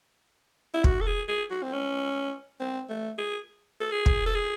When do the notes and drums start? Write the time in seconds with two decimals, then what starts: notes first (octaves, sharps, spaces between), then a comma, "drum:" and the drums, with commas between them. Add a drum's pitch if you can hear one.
0.74 E4
0.84 F#4, drum: kick
1.01 A4
1.07 G#4
1.28 G#4
1.50 F#4
1.62 C4
1.73 C#4
2.60 C4
2.89 A3
3.18 G#4
3.81 A4
3.91 G#4
4.06 drum: kick
4.26 A4
4.35 G#4